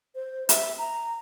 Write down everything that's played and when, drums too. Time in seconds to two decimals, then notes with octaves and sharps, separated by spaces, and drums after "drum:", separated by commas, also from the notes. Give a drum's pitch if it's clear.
0.15 C5
0.49 E5, drum: hi-hat
0.78 A#5